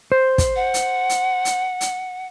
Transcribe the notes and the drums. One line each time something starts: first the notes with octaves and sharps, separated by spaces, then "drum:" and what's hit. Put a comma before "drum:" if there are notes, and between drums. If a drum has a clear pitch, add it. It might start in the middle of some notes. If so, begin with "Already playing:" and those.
C5
drum: kick, hi-hat
F#5
drum: hi-hat
drum: hi-hat
drum: hi-hat
drum: hi-hat